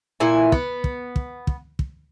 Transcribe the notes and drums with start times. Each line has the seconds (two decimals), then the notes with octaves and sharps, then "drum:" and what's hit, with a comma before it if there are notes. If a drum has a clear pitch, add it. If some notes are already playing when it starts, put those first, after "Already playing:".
0.20 A#2 E4 G#5
0.52 B3, drum: kick
0.84 drum: kick
1.16 drum: kick
1.47 drum: kick
1.79 drum: kick